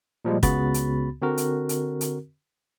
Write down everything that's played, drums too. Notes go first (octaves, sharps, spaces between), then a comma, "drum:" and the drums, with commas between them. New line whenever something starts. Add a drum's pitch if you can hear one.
A#2 F3 G3 G#3
C#2 C#3 B3 F#4 B5 A6, drum: kick, hi-hat
drum: hi-hat
D3 C4 F#4 A#4
drum: hi-hat
drum: hi-hat
drum: hi-hat